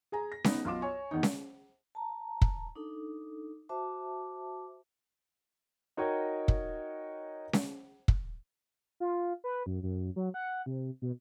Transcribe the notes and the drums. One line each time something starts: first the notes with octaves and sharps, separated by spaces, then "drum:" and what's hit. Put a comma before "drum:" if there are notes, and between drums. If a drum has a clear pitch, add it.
G#4 G#5 A#5
A#6
B3 D#4, drum: snare C#4
B1 F4 C6 D6 E7
C#5 G#5 C#6
E2 D#3 D#4
drum: snare C#4
A5 A#5
drum: kick
D4 D#4 A4
F#4 C5 E5 A5 D6
D#4 F#4 A#4 C#5 D#5 G5
drum: kick
drum: snare C#4
drum: kick
F4
B4
F#2
F#2
F#3
F#5
C3
B2